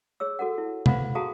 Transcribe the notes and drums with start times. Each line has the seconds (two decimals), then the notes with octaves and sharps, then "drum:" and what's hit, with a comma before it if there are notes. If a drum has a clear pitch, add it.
0.20 G#4 C#5 E6
0.39 F#4 A4 A#4 F#5
0.58 E4
0.86 B4 C5 F5 F#5 B5, drum: tom
1.15 F#4 G#4 F5 A5 A#5 D#6